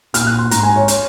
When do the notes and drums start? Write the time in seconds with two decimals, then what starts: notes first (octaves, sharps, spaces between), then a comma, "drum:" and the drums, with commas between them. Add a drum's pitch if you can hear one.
0.14 A#2 F6, drum: hi-hat
0.27 F#6
0.39 C6
0.51 G#2 A#5, drum: hi-hat
0.63 G#5
0.76 C#5
0.88 C#5, drum: hi-hat